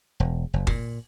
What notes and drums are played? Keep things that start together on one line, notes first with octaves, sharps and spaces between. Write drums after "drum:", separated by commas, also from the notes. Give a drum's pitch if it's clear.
E1
F#1
A#2, drum: kick